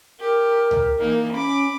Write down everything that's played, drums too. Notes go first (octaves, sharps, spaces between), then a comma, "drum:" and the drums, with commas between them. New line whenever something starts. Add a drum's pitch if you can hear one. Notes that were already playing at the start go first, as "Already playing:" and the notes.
G4 A#4
drum: tom C#2
E3 A#3 D#4
C#4 B5 D6